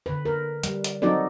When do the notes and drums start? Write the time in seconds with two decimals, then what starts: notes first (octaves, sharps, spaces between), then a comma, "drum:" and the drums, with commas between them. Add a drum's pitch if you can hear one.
0.06 D3 B4
0.25 A#4
0.63 G3, drum: hi-hat
0.84 drum: hi-hat
1.02 F#3 C4 D#4 F#4 A4 D5